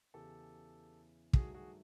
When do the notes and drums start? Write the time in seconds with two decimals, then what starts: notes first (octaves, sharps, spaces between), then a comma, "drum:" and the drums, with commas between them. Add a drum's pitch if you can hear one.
0.14 E2 C#3 E3 G4 A4
1.33 G2 D#3 F#3 A3 F#4 G#4, drum: kick
1.54 F#4 G#4